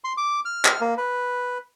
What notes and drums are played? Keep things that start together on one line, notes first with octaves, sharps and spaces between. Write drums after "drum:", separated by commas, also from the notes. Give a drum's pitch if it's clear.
C6
D6
F6
drum: clap
A#3
B4